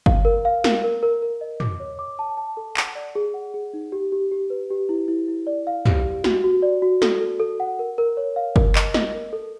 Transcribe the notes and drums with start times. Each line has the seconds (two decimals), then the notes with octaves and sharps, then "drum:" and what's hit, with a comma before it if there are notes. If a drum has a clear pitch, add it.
0.06 F5, drum: kick G1
0.25 A#4
0.45 F5
0.64 A#4, drum: snare
0.84 A#4
1.03 A#4
1.22 A#4
1.41 D#5
1.60 D6, drum: tom
1.80 C#5
1.99 D6
2.19 A5
2.37 A5
2.57 A4
2.77 F#5, drum: clap
2.95 D5
3.15 G#4
3.34 F#5
3.54 G#4
3.73 D#4
3.92 G4
4.12 G4
4.32 G4
4.50 B4
4.70 G4
4.89 E4
5.08 E4
5.28 E4
5.47 D5
5.67 F5
5.86 G4, drum: tom
6.05 G4
6.24 F#4, drum: snare
6.44 F#4
6.62 D5
6.82 F#4
7.02 A4, drum: snare
7.21 A4
7.40 A4
7.60 F#5
7.79 A#4
7.98 A#4
8.17 C#5
8.36 F5
8.56 A#4, drum: kick G1
8.76 D#5, drum: clap
8.94 D#5, drum: snare
9.14 A#4
9.33 A4